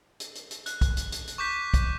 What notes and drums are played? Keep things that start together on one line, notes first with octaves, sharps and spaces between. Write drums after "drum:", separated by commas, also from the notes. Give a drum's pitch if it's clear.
drum: hi-hat
drum: hi-hat
drum: hi-hat
F#6, drum: hi-hat
drum: kick, hi-hat
drum: hi-hat
drum: hi-hat
drum: hi-hat
C#6 D6 G6 B6
drum: kick, hi-hat